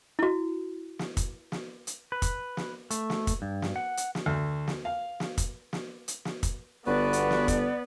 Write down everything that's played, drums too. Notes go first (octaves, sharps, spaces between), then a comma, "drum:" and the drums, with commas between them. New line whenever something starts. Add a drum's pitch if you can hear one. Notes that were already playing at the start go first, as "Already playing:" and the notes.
E4 F#4
drum: snare
drum: kick, hi-hat
drum: snare
drum: hi-hat
B4
drum: kick, hi-hat
drum: snare
A3, drum: hi-hat
drum: snare
drum: kick, hi-hat
G2
drum: snare
F#5
drum: hi-hat
drum: snare
D2
drum: snare
F5
drum: snare
drum: kick, hi-hat
drum: snare
drum: hi-hat
drum: snare
drum: kick, hi-hat
G1 B3 F#4 B4 D5
drum: hi-hat
drum: snare
drum: kick, hi-hat